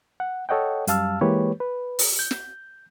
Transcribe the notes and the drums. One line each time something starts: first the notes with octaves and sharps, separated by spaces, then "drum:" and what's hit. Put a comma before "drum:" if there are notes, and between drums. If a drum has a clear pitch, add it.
F#5
A4 C#5 D#5 F#5 G5
F#2 G3 F5 A5 E6 F6, drum: hi-hat
E3 G#3 A#3 G4 B4 C#5
B4
drum: open hi-hat
G6
drum: snare